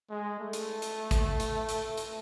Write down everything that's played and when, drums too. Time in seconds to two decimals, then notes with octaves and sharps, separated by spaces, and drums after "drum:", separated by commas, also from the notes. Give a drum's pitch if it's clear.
0.10 G#3
0.39 A3
0.53 drum: hi-hat
0.82 drum: hi-hat
1.11 drum: kick, hi-hat
1.40 drum: hi-hat
1.69 drum: hi-hat
1.97 drum: hi-hat